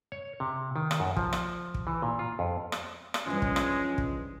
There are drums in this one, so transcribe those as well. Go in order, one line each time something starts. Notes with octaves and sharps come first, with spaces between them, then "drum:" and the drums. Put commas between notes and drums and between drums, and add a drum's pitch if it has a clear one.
C#5
C3
D#3
drum: rim click
F#2
F3, drum: kick
drum: rim click
drum: kick
E3
A#2
F4
F2
drum: rim click
drum: rim click
C#2 G2 E3 F3 G#3 C#4
drum: kick
drum: rim click
drum: kick